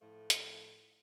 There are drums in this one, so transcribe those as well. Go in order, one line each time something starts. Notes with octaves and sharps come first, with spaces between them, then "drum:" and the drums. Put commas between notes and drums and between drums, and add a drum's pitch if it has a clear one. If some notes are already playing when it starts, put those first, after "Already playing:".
A2 F3 A3
drum: hi-hat